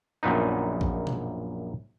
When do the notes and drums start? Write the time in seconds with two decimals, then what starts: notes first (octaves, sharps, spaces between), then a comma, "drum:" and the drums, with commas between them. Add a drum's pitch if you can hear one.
0.23 A#1 F#2 A#2 B3 D#4
0.81 drum: kick A#1
1.07 drum: tom B2